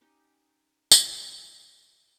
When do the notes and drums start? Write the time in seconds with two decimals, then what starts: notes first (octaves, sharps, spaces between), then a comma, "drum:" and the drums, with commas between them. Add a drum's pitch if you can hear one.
0.01 C#4 D#4 G4
0.91 drum: tambourine